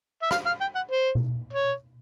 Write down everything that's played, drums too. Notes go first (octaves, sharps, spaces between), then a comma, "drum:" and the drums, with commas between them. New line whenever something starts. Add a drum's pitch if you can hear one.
E5
F5, drum: rim click
F5
G5
F#5
C5
drum: tom B2
C#5